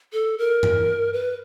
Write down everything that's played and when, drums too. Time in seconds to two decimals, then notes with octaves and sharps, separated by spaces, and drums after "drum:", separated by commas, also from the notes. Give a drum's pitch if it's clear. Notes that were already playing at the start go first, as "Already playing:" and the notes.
0.13 A4
0.38 A#4
0.63 drum: tom G2
1.13 B4